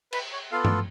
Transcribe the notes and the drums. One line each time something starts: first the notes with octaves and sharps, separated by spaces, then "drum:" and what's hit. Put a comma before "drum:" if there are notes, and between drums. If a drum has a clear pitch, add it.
B4, drum: cymbal
C#5
B3 F4 A4 F5
D5, drum: tom G2